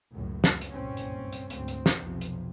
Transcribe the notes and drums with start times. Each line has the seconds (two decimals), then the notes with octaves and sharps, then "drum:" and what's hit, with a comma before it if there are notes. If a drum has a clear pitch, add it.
0.11 C#2 F#2 A2
0.44 drum: snare
0.61 drum: hi-hat
0.71 F#1 C2 G2 A#2 C4 C#4
0.97 drum: hi-hat
1.33 drum: hi-hat
1.50 D2 G#2 C4, drum: hi-hat
1.68 drum: hi-hat
1.86 drum: snare
1.98 B1 F2 C3 F3
2.21 drum: hi-hat